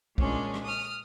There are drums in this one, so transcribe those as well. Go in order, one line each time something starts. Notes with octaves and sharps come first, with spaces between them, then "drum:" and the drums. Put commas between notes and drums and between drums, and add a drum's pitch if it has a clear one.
A#2 G#3 C#4 D4, drum: kick
drum: rim click
D#6 F6